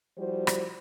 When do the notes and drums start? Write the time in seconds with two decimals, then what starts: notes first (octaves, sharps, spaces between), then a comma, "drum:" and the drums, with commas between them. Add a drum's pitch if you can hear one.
0.18 F3 G3 E4 F#4 C5
0.47 drum: rim click